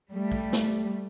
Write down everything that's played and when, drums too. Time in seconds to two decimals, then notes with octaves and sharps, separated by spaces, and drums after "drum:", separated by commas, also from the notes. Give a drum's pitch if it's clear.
0.10 G3 A3
0.32 drum: kick
0.53 drum: snare